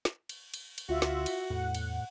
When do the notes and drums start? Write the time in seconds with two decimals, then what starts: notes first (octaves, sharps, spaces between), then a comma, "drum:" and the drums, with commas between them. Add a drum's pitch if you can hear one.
0.05 drum: snare
0.29 drum: cymbal
0.54 drum: cymbal
0.78 drum: cymbal
0.89 D2 F4 F#4 E5
1.02 drum: snare
1.26 drum: cymbal
1.50 E2 A2 F#5
1.75 drum: cymbal